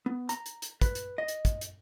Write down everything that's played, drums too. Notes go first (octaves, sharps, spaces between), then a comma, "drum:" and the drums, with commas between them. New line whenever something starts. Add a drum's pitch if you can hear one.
B3
A#5, drum: hi-hat
drum: hi-hat
drum: hi-hat
B4, drum: kick, hi-hat
drum: hi-hat
D#5
drum: hi-hat
drum: kick, hi-hat
drum: hi-hat